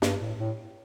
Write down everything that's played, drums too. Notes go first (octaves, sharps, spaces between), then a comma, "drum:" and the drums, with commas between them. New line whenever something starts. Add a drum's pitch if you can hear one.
G2, drum: snare
A2
A2